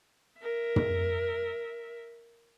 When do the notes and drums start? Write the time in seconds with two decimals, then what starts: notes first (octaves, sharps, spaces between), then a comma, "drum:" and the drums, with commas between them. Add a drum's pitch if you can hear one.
0.41 A#4 E5
0.76 drum: tom